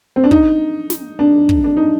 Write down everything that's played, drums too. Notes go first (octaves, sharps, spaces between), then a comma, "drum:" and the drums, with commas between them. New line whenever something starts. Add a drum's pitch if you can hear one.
C4
D4
D#4, drum: kick
drum: snare
D4
drum: kick
D4
D#4